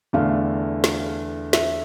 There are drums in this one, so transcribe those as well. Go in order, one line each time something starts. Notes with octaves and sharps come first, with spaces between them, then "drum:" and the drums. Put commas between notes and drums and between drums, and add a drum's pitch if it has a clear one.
E2 D3 A3 F5
drum: snare
E5, drum: snare